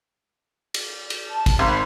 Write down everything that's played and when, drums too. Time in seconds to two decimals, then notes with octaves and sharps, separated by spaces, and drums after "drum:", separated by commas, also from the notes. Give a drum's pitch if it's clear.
0.74 drum: cymbal
1.10 drum: cymbal
1.28 A5
1.46 drum: kick, cymbal
1.59 G#1 B5 C6